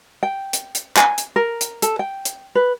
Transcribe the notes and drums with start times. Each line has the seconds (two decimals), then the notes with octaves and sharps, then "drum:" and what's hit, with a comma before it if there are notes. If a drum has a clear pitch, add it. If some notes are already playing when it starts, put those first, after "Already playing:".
0.23 G5
0.53 drum: hi-hat
0.75 drum: hi-hat
0.97 G#5, drum: clap
1.18 drum: hi-hat
1.36 A#4
1.61 drum: hi-hat
1.82 A4, drum: hi-hat
1.99 G5
2.25 drum: hi-hat
2.55 B4